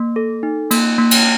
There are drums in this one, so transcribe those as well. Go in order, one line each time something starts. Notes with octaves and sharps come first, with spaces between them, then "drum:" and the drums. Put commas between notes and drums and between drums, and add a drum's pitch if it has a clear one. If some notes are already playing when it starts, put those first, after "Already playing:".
Already playing: A#3
A4
D#4
A#3, drum: cymbal
A#3
drum: cymbal